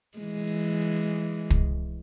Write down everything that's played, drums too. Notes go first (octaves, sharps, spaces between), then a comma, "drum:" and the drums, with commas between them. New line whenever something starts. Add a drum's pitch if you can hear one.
E3 G#3
drum: kick